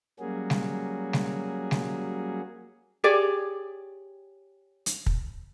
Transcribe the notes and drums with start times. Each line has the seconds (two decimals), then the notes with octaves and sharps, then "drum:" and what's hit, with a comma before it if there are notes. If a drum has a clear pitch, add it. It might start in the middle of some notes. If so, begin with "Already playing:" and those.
0.20 F#3 G3 A#3 C#4 F#4 G#4
0.50 drum: snare
1.13 drum: snare
1.71 drum: snare
3.04 G4 G#4 C#5 D5
4.86 drum: hi-hat
5.06 drum: kick